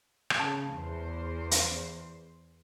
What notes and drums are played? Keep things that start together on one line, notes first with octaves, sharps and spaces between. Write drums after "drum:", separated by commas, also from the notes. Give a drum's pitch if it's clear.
drum: rim click
C#3 A5
E2 C5
drum: hi-hat